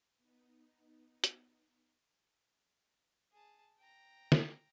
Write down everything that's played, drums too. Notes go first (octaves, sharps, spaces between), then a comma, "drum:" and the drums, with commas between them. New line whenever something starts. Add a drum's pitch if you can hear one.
B3 D#4
drum: hi-hat
G#4 A5
G5 A#5
drum: snare